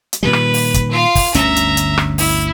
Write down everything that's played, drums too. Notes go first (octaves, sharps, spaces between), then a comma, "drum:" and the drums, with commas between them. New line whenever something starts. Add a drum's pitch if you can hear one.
drum: hi-hat
A#2 D#3 G3 B4
drum: rim click
drum: open hi-hat
drum: kick, hi-hat
F4 F5
drum: kick, open hi-hat
G1 D2 C#4 E5 A#5, drum: hi-hat
drum: hi-hat
drum: hi-hat
drum: rim click
E4, drum: open hi-hat